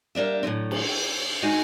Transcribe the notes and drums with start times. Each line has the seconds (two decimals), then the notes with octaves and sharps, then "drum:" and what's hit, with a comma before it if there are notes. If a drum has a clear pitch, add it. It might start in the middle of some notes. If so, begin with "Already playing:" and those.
0.15 G3 A#3 D4 E5
0.43 A2 D3 F#3 C4
0.71 drum: cymbal
0.88 G5
1.43 D#3 G#3 D#4 F#4